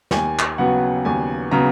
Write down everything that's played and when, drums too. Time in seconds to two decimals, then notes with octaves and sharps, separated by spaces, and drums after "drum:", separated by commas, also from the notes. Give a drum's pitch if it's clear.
0.11 D#2 G#5, drum: snare
0.39 drum: clap
0.58 C#3 F#3 B3 F#5
1.05 D#2 G#5
1.51 C#3 F#3 B3 A#5